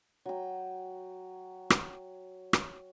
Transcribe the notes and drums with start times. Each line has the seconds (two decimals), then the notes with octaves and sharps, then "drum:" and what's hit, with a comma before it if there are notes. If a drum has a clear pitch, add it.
0.26 F#3 G5
1.70 drum: rim click
2.53 drum: rim click